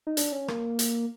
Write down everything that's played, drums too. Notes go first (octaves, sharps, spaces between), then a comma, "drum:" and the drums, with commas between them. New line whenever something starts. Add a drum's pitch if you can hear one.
D#4
D4, drum: hi-hat
C#4
A#3, drum: rim click
drum: hi-hat